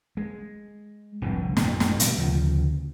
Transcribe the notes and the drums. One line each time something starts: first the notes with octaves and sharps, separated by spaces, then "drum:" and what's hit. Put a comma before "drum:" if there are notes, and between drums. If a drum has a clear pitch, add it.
G#3
F1 C2 G#2 D3
G#1 F#2 A#2, drum: snare
drum: snare
B2 G3, drum: hi-hat
D2 C#3 F3